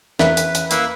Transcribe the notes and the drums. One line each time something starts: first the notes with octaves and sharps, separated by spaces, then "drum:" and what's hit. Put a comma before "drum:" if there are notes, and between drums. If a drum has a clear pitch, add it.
E2 E3 C#4 B4 E5, drum: snare
drum: hi-hat
drum: hi-hat
A#3 E4 B4 F5, drum: hi-hat